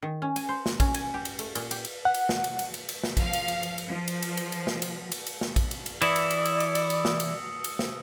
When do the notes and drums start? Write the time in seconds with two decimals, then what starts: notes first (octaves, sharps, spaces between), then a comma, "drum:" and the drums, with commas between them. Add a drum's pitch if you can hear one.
0.02 D#3
0.22 C#4
0.36 G#5, drum: cymbal
0.49 C5
0.66 drum: snare
0.80 C#4, drum: kick, cymbal
0.94 G#5, drum: cymbal
1.14 G4
1.25 drum: cymbal
1.39 A3, drum: cymbal
1.55 A#2, drum: cymbal
1.71 G4, drum: cymbal
1.85 drum: cymbal
2.05 F#5
2.14 drum: cymbal
2.29 drum: snare
2.44 drum: cymbal
2.59 drum: cymbal
2.74 drum: cymbal
2.89 drum: cymbal
3.04 drum: snare
3.17 F3 F5, drum: kick, cymbal
3.33 drum: cymbal
3.48 drum: cymbal
3.63 drum: cymbal
3.78 drum: cymbal
3.87 F3
4.08 drum: cymbal
4.22 drum: cymbal
4.37 drum: cymbal
4.52 drum: cymbal
4.67 drum: snare
4.82 drum: cymbal
5.12 drum: cymbal
5.27 drum: cymbal
5.41 drum: snare
5.56 drum: kick, cymbal
5.71 drum: cymbal
5.86 drum: cymbal
6.02 E3 E4 D5 D#6 E6 C#7, drum: cymbal
6.16 drum: cymbal
6.31 drum: cymbal
6.45 drum: cymbal
6.60 drum: cymbal
6.75 drum: cymbal
6.90 drum: cymbal
7.05 drum: snare
7.20 drum: cymbal
7.64 drum: cymbal
7.79 drum: snare